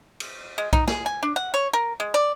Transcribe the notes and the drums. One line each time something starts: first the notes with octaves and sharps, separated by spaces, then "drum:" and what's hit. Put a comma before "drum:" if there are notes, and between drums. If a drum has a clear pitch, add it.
drum: cymbal
G#3
D#4, drum: kick B1
G#4, drum: snare
G#5
D4
F#5
C#5
A#4
G#3
D5